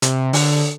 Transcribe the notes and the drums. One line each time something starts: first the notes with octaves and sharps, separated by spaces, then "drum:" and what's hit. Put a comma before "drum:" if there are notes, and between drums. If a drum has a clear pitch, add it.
C3, drum: hi-hat
D3, drum: open hi-hat